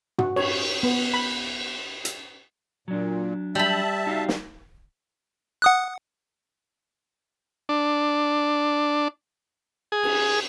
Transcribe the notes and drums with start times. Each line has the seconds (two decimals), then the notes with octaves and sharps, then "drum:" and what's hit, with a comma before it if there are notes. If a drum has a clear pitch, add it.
0.19 F#4, drum: tom
0.36 C#5, drum: cymbal
0.83 B3
1.14 B5
2.05 drum: hi-hat
2.88 A#2 F#3 D4
3.55 G3 E5 A5 B5
4.07 D#4 F#4 F5
4.29 drum: snare
5.62 F#5 D#6 F#6
7.69 D4
9.92 G#4
10.03 drum: cymbal